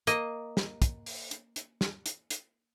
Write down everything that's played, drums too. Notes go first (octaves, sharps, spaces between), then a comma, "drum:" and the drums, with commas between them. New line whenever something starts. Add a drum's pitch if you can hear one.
A#3 D#5, drum: hi-hat
drum: snare
drum: kick, hi-hat
drum: open hi-hat
drum: hi-hat
drum: hi-hat
drum: snare
drum: hi-hat
drum: hi-hat